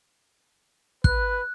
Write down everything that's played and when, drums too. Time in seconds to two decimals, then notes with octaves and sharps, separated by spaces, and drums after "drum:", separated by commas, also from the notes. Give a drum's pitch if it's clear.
1.04 B4 F#6, drum: kick